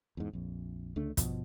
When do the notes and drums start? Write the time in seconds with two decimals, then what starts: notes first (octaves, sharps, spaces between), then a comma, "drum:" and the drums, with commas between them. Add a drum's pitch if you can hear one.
0.17 E2 G#2
0.33 A#1 F2
0.96 C#2 D3 A3 D4
1.17 G2 B2 F3, drum: kick, hi-hat